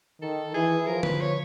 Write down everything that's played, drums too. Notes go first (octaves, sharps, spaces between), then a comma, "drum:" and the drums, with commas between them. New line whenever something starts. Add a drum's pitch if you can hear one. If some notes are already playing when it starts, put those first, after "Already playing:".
D#3 A4
E3 G#4
F3 A#4
B4, drum: tom D3
C#5